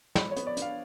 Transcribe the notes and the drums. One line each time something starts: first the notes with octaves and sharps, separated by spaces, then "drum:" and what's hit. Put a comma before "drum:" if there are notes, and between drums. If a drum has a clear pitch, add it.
F3 B5, drum: snare
C#5
B3, drum: hi-hat
D5
D4, drum: hi-hat
F5